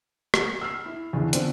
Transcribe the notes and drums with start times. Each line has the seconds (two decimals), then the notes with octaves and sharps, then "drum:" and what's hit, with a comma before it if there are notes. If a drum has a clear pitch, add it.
0.34 drum: rim click
0.61 E6 F6 C7
0.86 E4
1.13 E2 D3 E3
1.33 D3 F3 B3 C4 D4, drum: hi-hat